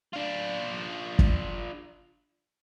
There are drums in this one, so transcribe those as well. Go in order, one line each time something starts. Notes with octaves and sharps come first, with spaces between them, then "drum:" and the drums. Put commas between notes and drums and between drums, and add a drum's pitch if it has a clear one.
D4 F4
drum: kick